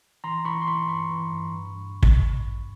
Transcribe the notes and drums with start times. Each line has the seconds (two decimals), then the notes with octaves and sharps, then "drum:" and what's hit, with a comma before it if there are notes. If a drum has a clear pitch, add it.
0.24 E3 A#5 C6
0.45 E3 B5 C#6
0.62 C6
0.67 E3 B5 C#6
0.89 G2 B5 C#6
1.11 E3
1.32 G2
1.53 G2
1.75 G2
2.03 drum: kick